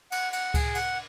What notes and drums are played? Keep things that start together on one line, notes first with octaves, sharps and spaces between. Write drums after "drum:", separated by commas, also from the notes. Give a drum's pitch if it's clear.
F#5, drum: cymbal
F#5, drum: cymbal
G#4, drum: kick C#2, cymbal
F#5, drum: cymbal